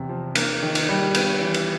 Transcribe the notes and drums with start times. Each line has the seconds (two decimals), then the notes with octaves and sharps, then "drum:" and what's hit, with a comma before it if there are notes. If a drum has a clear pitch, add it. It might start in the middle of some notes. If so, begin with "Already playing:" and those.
Already playing: E2 C3
0.09 F3
0.35 A#3, drum: cymbal
0.63 D#3
0.75 drum: cymbal
0.89 G3
1.15 B3, drum: cymbal
1.41 E3
1.54 drum: cymbal